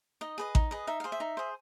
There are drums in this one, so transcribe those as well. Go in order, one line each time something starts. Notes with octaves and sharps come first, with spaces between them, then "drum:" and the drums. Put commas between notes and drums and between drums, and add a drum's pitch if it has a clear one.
D#4 D#5
G#4 B4 D#5
D#4, drum: kick A1
G#4 B4 D#5
D#4 E5
G#4 C5 F5
E5
D#4
G#4 C5